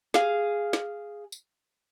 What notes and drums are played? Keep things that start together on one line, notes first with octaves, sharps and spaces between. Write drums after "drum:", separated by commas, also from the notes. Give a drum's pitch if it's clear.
G#4 F5, drum: snare
drum: snare
drum: tambourine